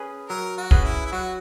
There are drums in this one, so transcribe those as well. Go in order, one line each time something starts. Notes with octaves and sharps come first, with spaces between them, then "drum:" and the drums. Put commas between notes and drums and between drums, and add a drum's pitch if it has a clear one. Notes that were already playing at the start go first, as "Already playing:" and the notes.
Already playing: C#4 G#4 B4
F#3 A#4
F#4
C#4 G#4 B4, drum: kick
E4
E4
F#3 F#4